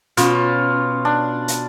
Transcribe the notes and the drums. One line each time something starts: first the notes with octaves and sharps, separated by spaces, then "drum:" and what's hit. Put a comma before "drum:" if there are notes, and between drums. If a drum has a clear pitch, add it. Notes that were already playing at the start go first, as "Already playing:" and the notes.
B2 C#4 F4, drum: hi-hat
D4
drum: hi-hat